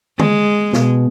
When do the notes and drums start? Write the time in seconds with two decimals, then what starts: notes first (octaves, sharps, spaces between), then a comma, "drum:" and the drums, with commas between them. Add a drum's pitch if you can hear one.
0.19 G#3, drum: tom D3
0.73 B2, drum: snare